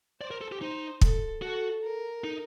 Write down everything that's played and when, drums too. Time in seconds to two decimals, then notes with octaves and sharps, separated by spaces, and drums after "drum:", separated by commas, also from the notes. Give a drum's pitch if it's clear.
0.21 C5 D5
0.31 A#4
0.41 A4
0.52 G4
0.61 D#4 C5
1.01 A4, drum: kick
1.42 F#4 A4
1.84 A#4
2.24 D#4